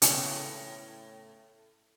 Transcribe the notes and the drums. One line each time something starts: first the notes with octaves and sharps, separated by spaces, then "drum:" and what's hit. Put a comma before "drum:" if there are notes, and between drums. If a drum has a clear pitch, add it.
F2 A2 C#3 B3, drum: hi-hat